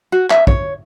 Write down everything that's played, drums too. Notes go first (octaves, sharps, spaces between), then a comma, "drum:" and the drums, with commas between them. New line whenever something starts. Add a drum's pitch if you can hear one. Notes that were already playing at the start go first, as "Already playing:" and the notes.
F#4
E5, drum: clap
C#5, drum: kick